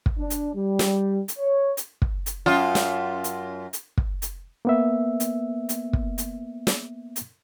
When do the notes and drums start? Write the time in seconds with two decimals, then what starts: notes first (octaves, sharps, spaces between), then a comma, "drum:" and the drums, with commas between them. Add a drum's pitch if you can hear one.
0.06 drum: kick
0.19 D4
0.30 drum: hi-hat
0.55 G3
0.79 drum: snare
1.28 drum: hi-hat
1.39 C#5
1.77 drum: hi-hat
2.02 drum: kick
2.26 drum: hi-hat
2.46 F#2 F4
2.75 drum: snare
3.24 drum: hi-hat
3.73 drum: hi-hat
3.97 drum: kick
4.22 drum: hi-hat
4.65 A#3 B3 E5
5.20 drum: hi-hat
5.69 drum: hi-hat
5.93 drum: kick
6.18 drum: hi-hat
6.67 drum: snare
7.16 drum: hi-hat